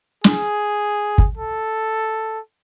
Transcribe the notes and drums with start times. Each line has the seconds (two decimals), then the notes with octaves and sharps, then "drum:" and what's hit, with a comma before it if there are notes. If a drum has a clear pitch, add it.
0.24 G#4, drum: snare
1.18 drum: kick
1.37 A4